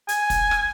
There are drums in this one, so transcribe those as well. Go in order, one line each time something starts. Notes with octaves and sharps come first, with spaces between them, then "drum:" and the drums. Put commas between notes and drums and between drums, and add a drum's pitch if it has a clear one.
G#5, drum: hi-hat
drum: kick, hi-hat
drum: rim click